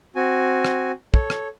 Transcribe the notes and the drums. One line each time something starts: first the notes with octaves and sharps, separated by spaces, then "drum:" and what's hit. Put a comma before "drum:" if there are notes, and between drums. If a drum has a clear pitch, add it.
C4 F#4 G#5
drum: rim click
A4 C#5, drum: kick
drum: rim click